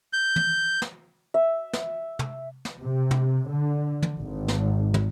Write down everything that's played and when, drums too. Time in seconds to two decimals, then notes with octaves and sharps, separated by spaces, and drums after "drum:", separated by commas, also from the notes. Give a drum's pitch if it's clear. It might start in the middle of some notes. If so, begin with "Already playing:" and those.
0.13 G6
0.36 drum: tom
0.82 drum: snare
1.34 E5
1.73 drum: snare
2.19 drum: tom
2.65 drum: snare
2.79 C3
3.11 drum: tom
3.48 D3
4.02 drum: tom
4.19 G#1
4.48 drum: snare
4.94 drum: tom